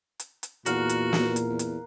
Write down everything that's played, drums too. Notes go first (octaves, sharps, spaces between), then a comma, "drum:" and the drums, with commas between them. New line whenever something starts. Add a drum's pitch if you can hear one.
drum: hi-hat
drum: hi-hat
E2 A#2 F#4 A#4 F5 F#5, drum: hi-hat
drum: hi-hat
drum: snare
drum: hi-hat
E2
drum: hi-hat